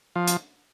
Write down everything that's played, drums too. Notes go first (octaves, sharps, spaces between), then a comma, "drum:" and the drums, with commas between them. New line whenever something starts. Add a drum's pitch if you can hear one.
F3
drum: hi-hat